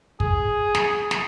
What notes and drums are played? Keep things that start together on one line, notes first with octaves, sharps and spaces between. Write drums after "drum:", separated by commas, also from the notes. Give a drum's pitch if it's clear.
G#4, drum: kick
drum: snare
drum: snare